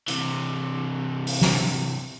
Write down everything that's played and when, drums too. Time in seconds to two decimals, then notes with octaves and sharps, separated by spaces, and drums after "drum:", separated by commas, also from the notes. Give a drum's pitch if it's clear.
0.08 C3 E3, drum: hi-hat
1.27 drum: open hi-hat
1.41 drum: snare